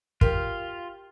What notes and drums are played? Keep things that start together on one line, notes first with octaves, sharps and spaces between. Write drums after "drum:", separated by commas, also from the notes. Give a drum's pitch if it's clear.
F4 G4 A#4, drum: kick